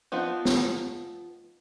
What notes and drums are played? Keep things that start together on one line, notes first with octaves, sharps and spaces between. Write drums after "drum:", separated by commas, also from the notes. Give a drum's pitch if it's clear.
F3 B3 C4 D#4 F4
drum: snare